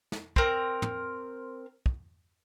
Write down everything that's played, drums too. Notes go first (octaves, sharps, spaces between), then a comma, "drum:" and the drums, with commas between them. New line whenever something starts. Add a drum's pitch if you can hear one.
drum: snare
C4 A#4, drum: kick
drum: tom
drum: kick